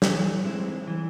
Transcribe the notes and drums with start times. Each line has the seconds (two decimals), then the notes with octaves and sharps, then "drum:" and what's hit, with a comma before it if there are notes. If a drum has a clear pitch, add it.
0.02 E3, drum: snare
0.45 G#3 C4 E4
0.88 E3